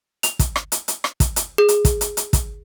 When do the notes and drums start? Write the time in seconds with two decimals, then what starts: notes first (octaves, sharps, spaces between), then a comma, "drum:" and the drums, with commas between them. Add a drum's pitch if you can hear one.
0.23 F7, drum: hi-hat
0.39 drum: kick, hi-hat
0.56 drum: rim click
0.72 drum: hi-hat
0.88 drum: hi-hat
1.04 drum: rim click
1.20 drum: kick, hi-hat
1.36 drum: hi-hat
1.58 G#4
1.68 drum: hi-hat
1.85 drum: kick, hi-hat
2.01 drum: hi-hat
2.17 drum: hi-hat
2.33 drum: kick, hi-hat